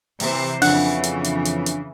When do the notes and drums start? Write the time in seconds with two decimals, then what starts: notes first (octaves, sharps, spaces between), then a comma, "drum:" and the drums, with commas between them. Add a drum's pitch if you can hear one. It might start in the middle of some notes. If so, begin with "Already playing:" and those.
0.20 C3 E3 C5, drum: open hi-hat
0.62 F2 C#3 E3 D4 F#5, drum: open hi-hat
1.03 drum: hi-hat
1.24 drum: hi-hat
1.45 drum: hi-hat
1.66 drum: hi-hat